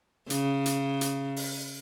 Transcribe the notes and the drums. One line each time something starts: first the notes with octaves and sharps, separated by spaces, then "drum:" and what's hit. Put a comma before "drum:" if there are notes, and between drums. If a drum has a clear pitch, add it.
C#3, drum: hi-hat
drum: hi-hat
drum: hi-hat
drum: open hi-hat